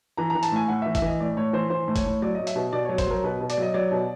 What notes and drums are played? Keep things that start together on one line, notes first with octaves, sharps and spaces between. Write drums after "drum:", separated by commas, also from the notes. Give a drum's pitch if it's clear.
E3 A#5
A#5
E3
A5, drum: hi-hat
A2 G#5
A2 F#5
E3 E5
E5, drum: kick, hi-hat
E3 D#5
A2 D5
A2 C#5
E3 C5
E3 C5
A2
C#5, drum: kick, hi-hat
A2
F#3 D5
F#3 D#5
E5, drum: hi-hat
B2
B2 D5
F#3 C#5
C5, drum: kick, hi-hat
F#3 A#4
B2 B4
B2
D5, drum: hi-hat
F#3 D#5
F#3 D5
B2